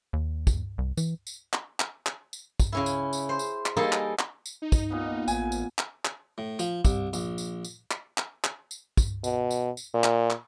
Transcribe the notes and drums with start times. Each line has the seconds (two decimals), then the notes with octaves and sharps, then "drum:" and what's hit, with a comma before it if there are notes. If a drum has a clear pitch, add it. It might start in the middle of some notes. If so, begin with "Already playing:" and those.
0.13 D#2
0.47 drum: kick, tambourine
0.78 C2
0.97 E3, drum: tambourine
1.27 drum: tambourine
1.53 drum: clap
1.80 drum: clap
2.06 drum: clap
2.33 drum: tambourine
2.60 drum: kick, tambourine
2.72 C#3 C#4 E4
2.86 drum: tambourine
3.13 drum: tambourine
3.29 C5
3.39 drum: tambourine
3.66 drum: clap
3.77 G3 A#3 D#4 G#4 A4
3.92 drum: clap
4.19 drum: clap
4.46 drum: tambourine
4.62 D#4
4.72 drum: kick, tambourine
4.90 A#2 B3
5.28 A1 G#5, drum: tambourine
5.52 drum: tambourine
5.78 drum: clap
6.05 drum: clap
6.38 A2
6.59 F3, drum: tambourine
6.85 C2, drum: kick, tambourine
7.13 A#1, drum: tambourine
7.38 drum: tambourine
7.65 drum: tambourine
7.91 drum: clap
8.18 drum: clap
8.44 drum: clap
8.71 drum: tambourine
8.97 drum: kick, tambourine
9.24 B2, drum: tambourine
9.51 drum: tambourine
9.77 drum: tambourine
9.94 A#2
10.04 drum: clap
10.30 drum: clap